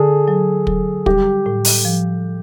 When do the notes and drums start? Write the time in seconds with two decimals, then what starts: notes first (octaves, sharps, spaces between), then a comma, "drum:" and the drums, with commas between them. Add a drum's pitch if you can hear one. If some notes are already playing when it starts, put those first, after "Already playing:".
Already playing: D3 G#4 A4
0.28 F#3
0.67 F#3, drum: kick
1.06 G3 G4, drum: kick
1.46 A2
1.65 drum: open hi-hat
1.85 F3